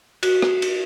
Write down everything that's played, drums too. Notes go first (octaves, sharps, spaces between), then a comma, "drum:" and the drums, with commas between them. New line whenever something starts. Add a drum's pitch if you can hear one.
F#4, drum: cymbal
drum: rim click
drum: cymbal